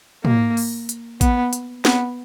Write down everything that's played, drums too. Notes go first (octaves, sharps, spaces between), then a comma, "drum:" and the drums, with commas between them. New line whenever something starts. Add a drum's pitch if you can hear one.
A#3, drum: tom
drum: open hi-hat
drum: hi-hat
B3, drum: kick A1, hi-hat
drum: hi-hat
B3, drum: snare